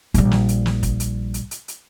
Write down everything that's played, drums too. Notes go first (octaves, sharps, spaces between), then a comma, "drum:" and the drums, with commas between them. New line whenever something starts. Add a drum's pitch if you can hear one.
A#1 G3, drum: hi-hat
drum: snare
drum: hi-hat
drum: snare
drum: kick, hi-hat
drum: hi-hat
drum: hi-hat
drum: hi-hat
drum: hi-hat